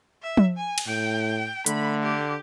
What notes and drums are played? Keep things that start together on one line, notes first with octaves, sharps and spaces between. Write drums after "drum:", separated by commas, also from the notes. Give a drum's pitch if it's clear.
E5
drum: tom F3
G#5
drum: cymbal
A2 G5
D3 A3 B5, drum: hi-hat
G4